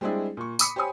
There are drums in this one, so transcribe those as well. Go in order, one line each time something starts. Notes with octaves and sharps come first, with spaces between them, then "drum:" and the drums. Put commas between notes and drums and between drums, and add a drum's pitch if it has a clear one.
G3 G#3 C4 D4 E4 G#4
A#2 C#6
B5 D6 D#6 B6 C#7, drum: tambourine
G4 C5 C#5 G#5 B5 D#6